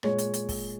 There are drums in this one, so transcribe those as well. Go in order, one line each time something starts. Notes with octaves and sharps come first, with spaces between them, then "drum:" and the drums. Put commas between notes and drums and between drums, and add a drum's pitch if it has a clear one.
A#2 G#3 C#5, drum: rim click
drum: hi-hat
drum: hi-hat
drum: kick, open hi-hat